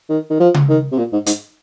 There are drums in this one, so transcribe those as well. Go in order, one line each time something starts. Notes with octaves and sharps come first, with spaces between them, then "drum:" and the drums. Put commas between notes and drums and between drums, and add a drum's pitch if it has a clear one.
D#3
D#3
F3
drum: tom C#3
D#3
C3
A#2
G#2
G#2, drum: hi-hat